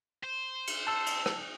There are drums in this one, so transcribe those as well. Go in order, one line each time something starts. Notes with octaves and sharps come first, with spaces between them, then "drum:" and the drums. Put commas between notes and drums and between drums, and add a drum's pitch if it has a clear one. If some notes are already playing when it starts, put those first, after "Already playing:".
C5
drum: cymbal
A5 E6
drum: cymbal
drum: rim click